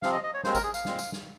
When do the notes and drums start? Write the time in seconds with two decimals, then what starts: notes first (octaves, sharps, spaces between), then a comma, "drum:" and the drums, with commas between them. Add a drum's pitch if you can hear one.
0.02 C3 F3 C4 F5, drum: snare
0.13 D#5
0.24 D#5
0.34 C#5
0.43 D#2 D#3 G#3 C4 C5, drum: snare
0.55 A#4, drum: kick G#1, tambourine
0.64 G#4
0.74 F5, drum: tambourine
0.85 A#2 G#3 C4, drum: snare
0.99 drum: tambourine
1.12 drum: snare